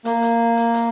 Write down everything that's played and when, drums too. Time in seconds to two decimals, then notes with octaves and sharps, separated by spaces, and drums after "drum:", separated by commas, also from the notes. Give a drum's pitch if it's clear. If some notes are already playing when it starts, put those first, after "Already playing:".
0.05 A#3, drum: hi-hat
0.22 drum: hi-hat
0.57 drum: hi-hat
0.74 drum: hi-hat